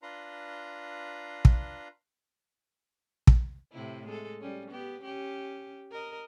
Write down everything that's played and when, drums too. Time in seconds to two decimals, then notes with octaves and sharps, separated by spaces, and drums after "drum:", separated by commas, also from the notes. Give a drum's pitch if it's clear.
0.03 D4 F4 B4 A#5 C6
1.45 drum: kick
3.27 drum: kick
3.73 A2 C3 E4
4.06 G#3 A4
4.41 G3 C#4
4.71 B3 G4
5.02 C#4 G4
5.92 A#4 D#5